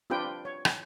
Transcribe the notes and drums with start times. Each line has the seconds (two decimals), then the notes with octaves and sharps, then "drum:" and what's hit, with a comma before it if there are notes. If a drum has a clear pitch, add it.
0.10 C4 D4 F4 G4 B4 G5
0.45 C#5
0.65 drum: rim click